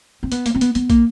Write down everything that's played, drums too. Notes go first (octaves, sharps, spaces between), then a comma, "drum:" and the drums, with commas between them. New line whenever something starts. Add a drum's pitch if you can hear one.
C4
B3, drum: hi-hat
A#3, drum: hi-hat
C4
B3, drum: hi-hat
B3, drum: hi-hat
A#3, drum: kick, hi-hat